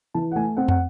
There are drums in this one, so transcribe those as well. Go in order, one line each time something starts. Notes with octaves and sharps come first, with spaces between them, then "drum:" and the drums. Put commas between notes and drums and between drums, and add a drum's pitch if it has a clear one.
E3 A5
F#5
A3 G#5
C4 F#5
F#5, drum: tom